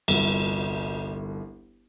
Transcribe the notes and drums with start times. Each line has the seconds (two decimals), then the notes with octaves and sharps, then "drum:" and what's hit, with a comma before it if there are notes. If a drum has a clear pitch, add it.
0.08 G1 C2, drum: cymbal